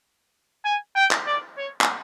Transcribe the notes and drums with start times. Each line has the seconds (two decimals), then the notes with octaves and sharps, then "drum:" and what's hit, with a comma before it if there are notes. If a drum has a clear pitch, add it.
0.65 G#5
0.96 G5
1.11 drum: clap
1.27 D5
1.58 C#5
1.81 drum: clap